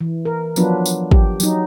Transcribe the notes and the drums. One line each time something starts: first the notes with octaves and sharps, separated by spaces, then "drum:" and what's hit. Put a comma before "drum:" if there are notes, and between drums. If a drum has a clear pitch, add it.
E3
A#4
F3 F#3 B3 D4 F4 B4, drum: tambourine
drum: tambourine
G4, drum: kick
F#3 D#4, drum: tambourine